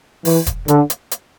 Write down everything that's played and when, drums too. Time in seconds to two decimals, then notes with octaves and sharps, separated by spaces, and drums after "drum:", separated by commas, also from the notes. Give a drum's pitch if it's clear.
0.25 E3, drum: open hi-hat
0.46 drum: kick E1, hi-hat
0.68 D3, drum: hi-hat
0.90 drum: hi-hat
1.11 drum: hi-hat